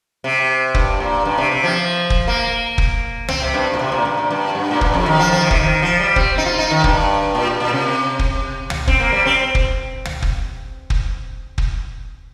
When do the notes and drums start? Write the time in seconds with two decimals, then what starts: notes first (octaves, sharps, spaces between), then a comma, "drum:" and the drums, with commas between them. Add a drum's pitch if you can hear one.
0.24 C3
0.74 G2, drum: kick
1.00 A#2
1.25 G2
1.38 C3
1.51 C3
1.64 F3
2.10 drum: kick
2.28 A#3
2.78 drum: kick
3.29 C4, drum: tom
3.41 C3
3.54 G2
3.74 A#2
3.79 C3
3.92 A#2
4.05 G2
4.17 A#2
4.31 G2
4.55 G2
4.71 A#2
4.81 G2, drum: kick
4.94 F2
5.06 D#3
5.19 F3
5.32 F3
5.41 D#3
5.51 C3, drum: kick
5.60 D#3
5.82 F3
6.00 G3
6.16 C4, drum: kick
6.38 D#4
6.46 F4
6.59 D#4
6.71 D#3
6.84 G2, drum: kick
7.35 A#2
7.60 A#2
7.73 C3
8.19 drum: kick
8.70 drum: tom
8.87 C4, drum: kick
9.00 A#3
9.12 G3
9.26 C4
9.55 drum: kick
10.05 drum: tom
10.22 drum: kick
10.90 drum: kick
11.58 drum: kick